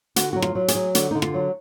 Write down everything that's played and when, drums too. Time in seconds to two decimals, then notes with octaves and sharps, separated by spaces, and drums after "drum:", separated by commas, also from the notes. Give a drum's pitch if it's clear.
0.16 D3 F#4, drum: hi-hat
0.33 F#3 F#4
0.42 F4, drum: rim click
0.55 F#3
0.68 G#4, drum: hi-hat
0.75 F#3
0.95 D3 F#4, drum: hi-hat
1.11 D3 D#4
1.22 F4, drum: rim click
1.34 F#3